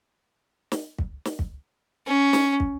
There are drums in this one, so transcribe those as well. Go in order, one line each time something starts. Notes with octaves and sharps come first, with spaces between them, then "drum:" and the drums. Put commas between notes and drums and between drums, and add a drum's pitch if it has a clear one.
drum: snare
drum: kick
drum: snare
drum: kick
C#4
drum: snare
drum: kick